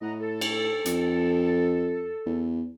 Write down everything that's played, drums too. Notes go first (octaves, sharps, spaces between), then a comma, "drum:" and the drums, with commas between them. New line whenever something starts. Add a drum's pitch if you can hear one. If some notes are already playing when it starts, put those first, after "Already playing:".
A2 D#5 F#5 A#5
A4
drum: cymbal
F2, drum: hi-hat
E2